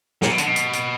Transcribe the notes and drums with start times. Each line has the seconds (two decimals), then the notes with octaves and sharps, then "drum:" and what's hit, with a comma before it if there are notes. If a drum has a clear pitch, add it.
0.22 A#2, drum: snare
0.30 B2
0.38 D3, drum: hi-hat
0.47 B2
0.56 drum: hi-hat
0.73 drum: hi-hat